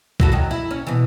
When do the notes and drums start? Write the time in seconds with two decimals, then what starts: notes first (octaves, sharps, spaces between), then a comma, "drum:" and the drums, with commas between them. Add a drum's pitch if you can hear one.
0.20 E4 F#4 A4, drum: kick B1
0.32 D#3 F#3
0.51 E4
0.71 C#4
0.87 B2 E3